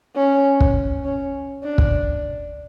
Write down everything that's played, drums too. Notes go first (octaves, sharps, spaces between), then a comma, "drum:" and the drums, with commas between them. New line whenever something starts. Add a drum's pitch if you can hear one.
C#4
drum: kick
C#4
D4
drum: kick